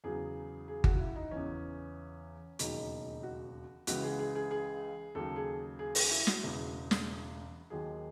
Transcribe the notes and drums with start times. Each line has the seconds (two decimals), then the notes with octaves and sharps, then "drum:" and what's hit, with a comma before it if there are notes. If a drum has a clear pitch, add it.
0.04 E2 C#3 F#3 G#4
0.68 G#4
0.84 F#4, drum: kick G1
0.96 F#4
1.00 E4
1.16 D#4
1.31 E2 C#3 E3 C#4
2.59 E1 D#2 C#3 F#3 D#4, drum: hi-hat
3.23 F#4
3.87 C#2 C#3 E3 F#4, drum: hi-hat
4.03 G#4
4.19 G#4
4.35 G#4
4.51 G#4
5.15 D#2 C#3 F#3 A4
5.36 G#4
5.79 G#4
5.95 G#4, drum: open hi-hat
6.10 E4
6.27 F#4, drum: snare
6.43 E1 E2 C#3
6.91 drum: snare
7.70 D#2 D#3 F#3 G#4